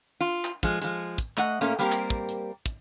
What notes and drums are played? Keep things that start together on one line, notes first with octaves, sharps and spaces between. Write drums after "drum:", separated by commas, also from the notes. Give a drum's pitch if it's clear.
F4
drum: clap
F3 G#3, drum: kick
F3 G#3, drum: hi-hat
drum: kick, hi-hat
A3 D#5 F#5, drum: clap
A#2 A3 A#3 C#4
G3 A#3 C4 G4 A#4
drum: clap
drum: kick
drum: hi-hat
drum: kick, hi-hat